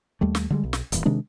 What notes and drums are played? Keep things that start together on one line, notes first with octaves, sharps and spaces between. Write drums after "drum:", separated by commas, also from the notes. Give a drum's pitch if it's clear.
D#2 G3 A3
drum: snare
D3 G3 G#3
B1
drum: snare
D#1 E2, drum: hi-hat
C3 D#3 G#3 D4